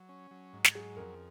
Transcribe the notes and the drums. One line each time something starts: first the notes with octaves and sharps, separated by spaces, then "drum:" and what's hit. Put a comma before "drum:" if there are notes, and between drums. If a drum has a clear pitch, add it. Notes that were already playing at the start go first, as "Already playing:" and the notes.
Already playing: F#3
C#4
F#3
G#2
drum: snare
F#3 G#4
F2 A#4